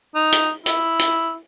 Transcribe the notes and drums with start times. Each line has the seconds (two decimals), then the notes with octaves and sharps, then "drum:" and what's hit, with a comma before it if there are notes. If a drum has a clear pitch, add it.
0.15 D#4
0.32 drum: hi-hat
0.66 E4, drum: hi-hat
0.99 drum: hi-hat